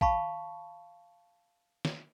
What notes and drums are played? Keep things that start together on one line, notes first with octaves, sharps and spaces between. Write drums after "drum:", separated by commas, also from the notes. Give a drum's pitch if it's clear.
F5 A5 B5 C#6, drum: kick
drum: snare